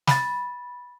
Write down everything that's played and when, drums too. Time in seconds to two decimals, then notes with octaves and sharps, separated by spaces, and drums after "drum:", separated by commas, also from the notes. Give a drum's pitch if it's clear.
0.07 B5 A6, drum: snare